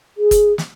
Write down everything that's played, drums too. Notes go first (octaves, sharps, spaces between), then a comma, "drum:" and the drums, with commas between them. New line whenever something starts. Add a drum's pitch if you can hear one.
G#4
drum: kick, hi-hat
drum: snare